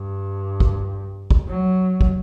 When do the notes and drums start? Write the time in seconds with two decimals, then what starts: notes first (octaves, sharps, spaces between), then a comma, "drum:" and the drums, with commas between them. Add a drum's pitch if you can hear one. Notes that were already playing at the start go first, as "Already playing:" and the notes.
Already playing: G2
0.60 drum: kick
1.31 drum: kick
1.48 F#3
2.01 drum: kick